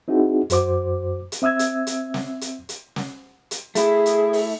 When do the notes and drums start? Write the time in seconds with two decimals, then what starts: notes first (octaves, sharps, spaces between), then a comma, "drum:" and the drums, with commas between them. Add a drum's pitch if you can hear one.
0.08 C4 D#4 E4 F#4 G#4
0.50 F#2 F#4 C5 D6, drum: hi-hat
1.32 drum: hi-hat
1.42 C4 E5 D#6 E6 G#6
1.59 drum: hi-hat
1.87 drum: hi-hat
2.14 drum: snare
2.41 drum: hi-hat
2.69 drum: hi-hat
2.96 drum: snare
3.51 drum: hi-hat
3.75 A3 E4 G#4, drum: hi-hat
4.06 drum: hi-hat
4.33 drum: open hi-hat